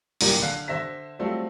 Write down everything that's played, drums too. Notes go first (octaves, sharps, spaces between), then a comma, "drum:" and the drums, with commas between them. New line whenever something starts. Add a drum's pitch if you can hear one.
D1 C2 A#2 A#3 G4, drum: open hi-hat
D3 F5 F#6 C7
D3 C5 E5 A#6 B6
F#3 G3 A3 C4 F4